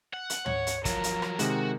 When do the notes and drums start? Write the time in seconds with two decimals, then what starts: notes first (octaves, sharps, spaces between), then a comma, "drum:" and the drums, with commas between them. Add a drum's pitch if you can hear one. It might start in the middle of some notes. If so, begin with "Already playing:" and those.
0.14 F#5
0.30 drum: hi-hat
0.46 C#5, drum: tom
0.67 drum: hi-hat
0.85 F3 F#3 A#4, drum: kick, hi-hat
1.04 drum: hi-hat
1.22 drum: rim click
1.39 C3 D#3 G#3 F#4, drum: hi-hat